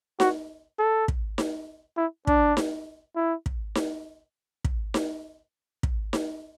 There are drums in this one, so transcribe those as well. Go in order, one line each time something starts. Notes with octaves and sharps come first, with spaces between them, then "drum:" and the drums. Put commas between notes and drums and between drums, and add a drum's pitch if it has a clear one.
F#4, drum: snare D#4
A4
drum: kick
drum: snare D#4
E4
D4, drum: kick
drum: snare D#4
E4
drum: kick
drum: snare D#4
drum: kick
drum: snare D#4
drum: kick
drum: snare D#4